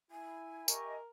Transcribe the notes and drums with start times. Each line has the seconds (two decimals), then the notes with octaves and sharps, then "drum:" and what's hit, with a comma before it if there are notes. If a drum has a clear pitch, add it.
0.11 E4 G#5
0.68 G4 A#4 D#5 E5 C#6, drum: tambourine